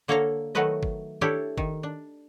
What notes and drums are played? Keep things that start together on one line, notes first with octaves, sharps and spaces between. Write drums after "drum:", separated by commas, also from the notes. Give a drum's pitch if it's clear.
D3 A#3 A4 C#5 F5 A#5
D#3 F#3 A3 F#4 B4 D#5
drum: kick
D4 E4 G4 A4 C#5, drum: tom D#3
D#3, drum: kick
D4